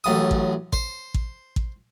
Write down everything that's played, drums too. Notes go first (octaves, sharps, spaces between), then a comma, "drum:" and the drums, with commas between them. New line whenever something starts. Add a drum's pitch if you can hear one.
A1 F#2 D#6
drum: kick A1
C5, drum: kick A1
drum: kick A1
drum: kick A1